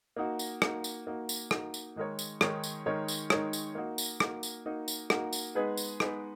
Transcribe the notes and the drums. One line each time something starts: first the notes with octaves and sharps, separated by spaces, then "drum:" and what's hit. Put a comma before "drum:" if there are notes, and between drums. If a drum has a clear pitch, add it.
A#3 D#4 F#4
drum: tambourine
A#3 D#4 F#4, drum: rim click
drum: tambourine
A#3 D#4 F#4
drum: tambourine
A#3 D#4 F#4, drum: rim click
drum: tambourine
D#3 G#3 D#4 A#4 C#5
drum: tambourine
D#3 G#3 D#4 A#4 C#5, drum: rim click
drum: tambourine
D#3 G#3 D#4 A#4 C#5
drum: tambourine
D#3 G#3 D#4 A#4 C#5, drum: rim click
drum: tambourine
A#3 D#4 F#4
drum: tambourine
A#3 D#4 F#4, drum: rim click
drum: tambourine
A#3 D#4 F#4
drum: tambourine
A#3 D#4 F#4, drum: rim click
drum: tambourine
G#3 B3 D#4 G#4 B4
drum: tambourine
G#3 B3 D#4 G#4 B4, drum: rim click